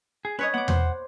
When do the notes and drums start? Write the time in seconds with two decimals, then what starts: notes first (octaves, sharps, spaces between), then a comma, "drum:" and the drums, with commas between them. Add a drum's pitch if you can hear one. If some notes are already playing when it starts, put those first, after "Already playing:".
0.25 G#4
0.39 C#4 B4 C#5 D#5
0.54 B3 F#5 D6
0.68 C5, drum: tom E2